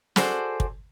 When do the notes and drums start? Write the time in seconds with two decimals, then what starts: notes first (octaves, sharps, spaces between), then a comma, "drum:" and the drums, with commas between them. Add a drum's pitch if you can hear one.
0.16 F#4 G#4 A4 C5 D5, drum: snare
0.60 drum: kick